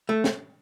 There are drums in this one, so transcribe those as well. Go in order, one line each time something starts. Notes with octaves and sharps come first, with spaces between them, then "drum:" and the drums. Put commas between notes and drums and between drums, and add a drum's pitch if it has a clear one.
A3
drum: snare